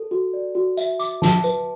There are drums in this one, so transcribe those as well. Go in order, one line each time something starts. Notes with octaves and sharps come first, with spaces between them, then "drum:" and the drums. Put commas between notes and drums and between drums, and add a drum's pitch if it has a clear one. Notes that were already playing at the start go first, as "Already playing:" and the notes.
Already playing: A4
F#4
D5
F#4
E5, drum: tambourine
D6, drum: tambourine
A5, drum: snare
B4, drum: tambourine